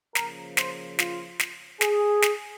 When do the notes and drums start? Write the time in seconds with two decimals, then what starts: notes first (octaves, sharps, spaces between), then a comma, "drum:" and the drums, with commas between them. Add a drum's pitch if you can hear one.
0.15 C#3 F3 A#3 A#4, drum: snare
0.57 C5, drum: snare
0.99 F4, drum: snare
1.39 drum: snare
1.81 G#4, drum: snare
2.22 drum: snare